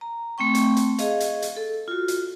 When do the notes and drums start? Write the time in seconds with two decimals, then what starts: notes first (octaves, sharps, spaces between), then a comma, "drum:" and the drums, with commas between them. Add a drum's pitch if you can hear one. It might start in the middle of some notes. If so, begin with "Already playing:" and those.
0.01 A#5
0.38 A3 C4 G5 C#6
0.55 drum: hi-hat
0.77 drum: hi-hat
0.98 G#4 D#5 F5, drum: hi-hat
1.20 drum: hi-hat
1.42 drum: hi-hat
1.57 A4
1.88 F4 F#4
2.08 drum: hi-hat